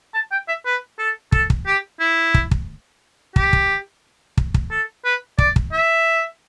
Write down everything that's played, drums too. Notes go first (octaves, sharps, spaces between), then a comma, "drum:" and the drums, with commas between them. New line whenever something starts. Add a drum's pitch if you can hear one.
A5
G5
E5
B4
A4
A4, drum: kick
drum: kick
G4
E4
drum: kick
drum: kick
G4, drum: kick
drum: kick
drum: kick
drum: kick
A4
B4
D5, drum: kick
drum: kick
E5